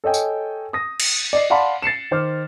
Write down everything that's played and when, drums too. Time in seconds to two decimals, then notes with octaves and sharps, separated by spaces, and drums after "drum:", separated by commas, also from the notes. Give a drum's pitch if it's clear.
0.04 A4 C#5 D#5 G5 G#5
0.14 drum: tambourine
0.73 D#6 A#6
1.00 drum: cymbal
1.33 D5 D#5 C7
1.50 D5 F5 F#5 A5 B5 C6
1.82 A6 C7 C#7 E7
2.11 D#3 C5 D6 F6